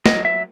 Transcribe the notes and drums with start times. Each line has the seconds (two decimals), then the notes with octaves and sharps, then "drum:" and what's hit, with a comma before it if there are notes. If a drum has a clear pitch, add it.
0.06 F#3 D#5, drum: snare
0.25 E5